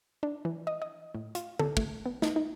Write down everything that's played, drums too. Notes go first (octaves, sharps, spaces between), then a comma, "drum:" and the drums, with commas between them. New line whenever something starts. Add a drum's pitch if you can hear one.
D4
E3
D#5
D#5
A2
F4, drum: hi-hat
A4, drum: tom D3
A3, drum: kick
B3
D#4, drum: snare
D#4